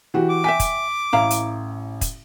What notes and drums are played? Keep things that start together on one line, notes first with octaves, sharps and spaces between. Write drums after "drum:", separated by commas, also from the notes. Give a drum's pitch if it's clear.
E3 F#4 G4
D6
E5 G5 G#5 B6
drum: kick, hi-hat
A1 E4 F5 A#5
drum: hi-hat
drum: kick, hi-hat